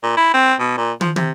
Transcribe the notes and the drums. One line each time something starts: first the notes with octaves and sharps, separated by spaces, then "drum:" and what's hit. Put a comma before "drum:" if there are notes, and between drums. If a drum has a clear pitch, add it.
A#2
E4
C4
B2
A#2
F3, drum: tom
C3, drum: tom